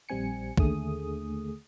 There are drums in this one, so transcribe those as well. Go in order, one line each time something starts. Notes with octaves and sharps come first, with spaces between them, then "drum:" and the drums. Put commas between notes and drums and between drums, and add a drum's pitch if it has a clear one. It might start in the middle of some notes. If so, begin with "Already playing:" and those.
A#1 G3 C4 G#5 C#7
D#2 D3 A3 G#4 D#6, drum: kick